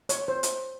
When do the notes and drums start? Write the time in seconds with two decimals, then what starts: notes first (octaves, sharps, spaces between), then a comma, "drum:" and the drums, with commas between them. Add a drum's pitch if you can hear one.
0.09 C#5, drum: hi-hat
0.28 C5
0.43 drum: hi-hat